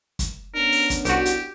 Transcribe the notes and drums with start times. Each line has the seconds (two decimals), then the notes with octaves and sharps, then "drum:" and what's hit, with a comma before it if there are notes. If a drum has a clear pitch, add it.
0.19 drum: kick F#1, hi-hat
0.54 B3 C#4 D4 A#4
0.72 drum: open hi-hat
0.90 drum: kick F#1, hi-hat
1.05 C2 F#4 G4, drum: hi-hat
1.25 drum: hi-hat